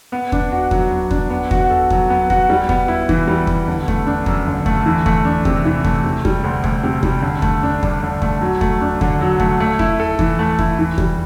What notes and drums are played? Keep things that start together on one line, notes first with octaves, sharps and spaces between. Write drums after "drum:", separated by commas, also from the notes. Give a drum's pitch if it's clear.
B3
D4, drum: kick E2
F#4
F#3, drum: kick E2
B3
D4, drum: kick E2
B3
F#4, drum: kick E2
A4
F#3, drum: kick E2
B3
F#4, drum: kick E2
G3
B3, drum: kick E2
E4
E3, drum: kick E2
G3
B3, drum: kick E2
D3
A3, drum: kick E2
D4
F#2, drum: kick E2
D3
A3, drum: kick E2
E3
A3, drum: kick E2
D4
C3, drum: kick E2
E3
A3, drum: kick E2
C3
G3, drum: kick E2
D2
D2, drum: kick E2
C3
G3, drum: kick E2
D3
A3, drum: kick E2
D4
G2, drum: kick E2
D3
A3, drum: kick E2
F#3
A3, drum: kick E2
D4
D3, drum: kick E2
F#3
A3, drum: kick E2
A3
E4, drum: kick E2
A4
E3, drum: kick E2
A3
E4, drum: kick E2
E3
G3, drum: kick E2